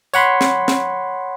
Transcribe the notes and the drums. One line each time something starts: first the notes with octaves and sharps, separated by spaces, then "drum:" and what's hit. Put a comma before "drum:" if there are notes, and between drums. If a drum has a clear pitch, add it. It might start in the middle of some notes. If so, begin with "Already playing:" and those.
C#5 F#5 B5 C6, drum: tambourine
drum: snare
drum: snare